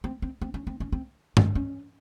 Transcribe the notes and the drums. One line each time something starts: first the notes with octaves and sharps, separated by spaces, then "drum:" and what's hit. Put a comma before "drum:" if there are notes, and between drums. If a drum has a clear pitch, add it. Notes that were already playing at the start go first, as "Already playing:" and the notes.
C4
C4
C4
C#4
C4
C#4
C4
C#4, drum: tom G2
C#4